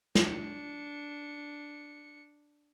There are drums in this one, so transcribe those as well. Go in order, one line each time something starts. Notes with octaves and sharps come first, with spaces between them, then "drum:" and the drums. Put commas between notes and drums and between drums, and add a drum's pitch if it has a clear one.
D4 C#7, drum: snare